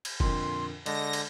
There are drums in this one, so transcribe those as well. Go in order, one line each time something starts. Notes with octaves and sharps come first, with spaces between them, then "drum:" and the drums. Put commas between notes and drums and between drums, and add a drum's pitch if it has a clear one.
drum: cymbal
F2 A#2 D3 C6, drum: kick
D3 G#3 D#5 A#6, drum: cymbal
drum: cymbal